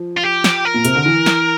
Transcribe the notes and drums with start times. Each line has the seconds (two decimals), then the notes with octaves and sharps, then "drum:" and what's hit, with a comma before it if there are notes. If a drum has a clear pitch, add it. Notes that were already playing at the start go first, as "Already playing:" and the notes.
Already playing: F3
0.17 F4
0.24 G4
0.44 drum: snare
0.65 A#4
0.74 A#2
0.85 C3, drum: hi-hat
0.95 D3
1.06 E3
1.26 drum: snare